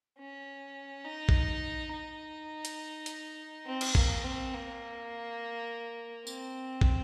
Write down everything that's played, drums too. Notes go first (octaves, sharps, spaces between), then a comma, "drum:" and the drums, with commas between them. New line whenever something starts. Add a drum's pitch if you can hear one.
C#4
D#4
drum: kick
D#4
drum: hi-hat
drum: hi-hat
C4
drum: cymbal
A#3, drum: kick
C4
A#3
C4, drum: tambourine
drum: kick